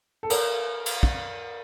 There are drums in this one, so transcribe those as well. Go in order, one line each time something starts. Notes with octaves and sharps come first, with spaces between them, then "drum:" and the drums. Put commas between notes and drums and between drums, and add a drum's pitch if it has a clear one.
A4
A#4, drum: cymbal
drum: cymbal
drum: kick